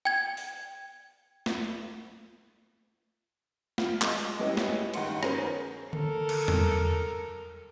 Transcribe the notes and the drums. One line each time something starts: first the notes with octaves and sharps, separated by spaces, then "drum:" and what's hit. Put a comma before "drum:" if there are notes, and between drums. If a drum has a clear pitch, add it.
G5 G#6
drum: open hi-hat
drum: snare
F4, drum: snare
G#3, drum: clap
G3 G#3 B3 C#4 E4 D#5
drum: snare
G2 D#3 F#5 C6 C#7, drum: cymbal
B3 C#4 G#4 A#4 C5, drum: rim click
A4 A#4, drum: tom D3
drum: cymbal
drum: tom E2